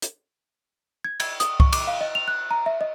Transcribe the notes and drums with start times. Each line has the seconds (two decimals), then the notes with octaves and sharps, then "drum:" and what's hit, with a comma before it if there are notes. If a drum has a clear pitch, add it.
0.02 drum: hi-hat
1.04 G#6
1.20 G#6, drum: cymbal
1.40 D#6, drum: hi-hat
1.60 C#6, drum: kick C2
1.73 D6, drum: cymbal
1.87 F5
2.01 D#5
2.15 F7
2.28 F#6
2.51 A#5
2.66 E5
2.81 D#5